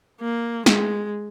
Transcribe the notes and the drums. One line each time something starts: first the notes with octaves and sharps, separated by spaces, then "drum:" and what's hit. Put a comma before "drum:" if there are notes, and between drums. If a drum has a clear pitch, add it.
A#3
G#3, drum: snare